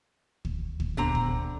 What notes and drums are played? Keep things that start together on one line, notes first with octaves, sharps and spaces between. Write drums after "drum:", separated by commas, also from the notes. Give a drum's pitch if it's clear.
drum: kick
drum: kick
D#1 D3 B3 C4 A#5
drum: kick